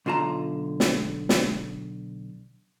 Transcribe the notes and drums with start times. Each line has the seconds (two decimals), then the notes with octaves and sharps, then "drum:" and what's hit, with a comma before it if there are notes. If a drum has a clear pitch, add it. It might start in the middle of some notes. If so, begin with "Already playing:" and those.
0.06 B1 D3 F4 A5 A#5
0.80 drum: snare
1.29 drum: snare